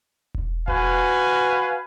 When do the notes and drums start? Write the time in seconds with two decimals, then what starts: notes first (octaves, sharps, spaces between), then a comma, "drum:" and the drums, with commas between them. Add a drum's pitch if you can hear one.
0.34 drum: kick E1
0.68 F#4 B4 F5 G#5, drum: kick E1